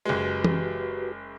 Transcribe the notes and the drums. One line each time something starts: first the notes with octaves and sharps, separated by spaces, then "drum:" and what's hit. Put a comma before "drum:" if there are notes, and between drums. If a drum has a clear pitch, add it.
F#1 G#3 F#4 G4 B4
drum: tom E3